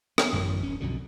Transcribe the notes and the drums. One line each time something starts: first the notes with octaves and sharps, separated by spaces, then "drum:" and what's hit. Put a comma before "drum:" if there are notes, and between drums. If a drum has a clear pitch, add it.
B3, drum: rim click
A1 F#2 D3 E3
D#1 C#4
B1 F2 B2 D3